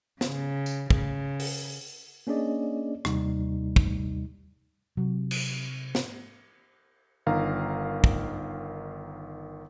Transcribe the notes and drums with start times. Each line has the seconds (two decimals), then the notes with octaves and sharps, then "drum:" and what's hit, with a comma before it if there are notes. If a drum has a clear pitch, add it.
0.21 C#3, drum: snare
0.66 drum: tambourine
0.90 C#3, drum: kick
1.40 drum: open hi-hat
2.27 A#3 C#4 D4 G#4 D5 D#5
3.05 D#2 C3 G3 D#4, drum: rim click
3.76 drum: kick
4.97 C3 F#3
5.31 drum: cymbal
5.95 drum: snare
7.26 G1 D#3 F5 A#5
8.04 drum: kick